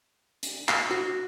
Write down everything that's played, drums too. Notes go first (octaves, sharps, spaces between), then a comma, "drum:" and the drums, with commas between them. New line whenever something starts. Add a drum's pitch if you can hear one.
drum: hi-hat
F5, drum: clap
F#4